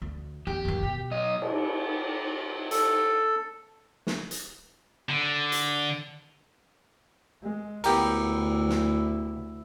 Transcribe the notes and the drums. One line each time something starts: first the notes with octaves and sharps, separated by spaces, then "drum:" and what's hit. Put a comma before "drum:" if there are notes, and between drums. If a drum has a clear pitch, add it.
D2
E2 G4
F#1 D#2
B2
B1 D#5
drum: cymbal
A4, drum: hi-hat
drum: snare
drum: hi-hat
D3
drum: hi-hat
G#3
D2 B3 E4 G4 A#4, drum: cymbal
drum: snare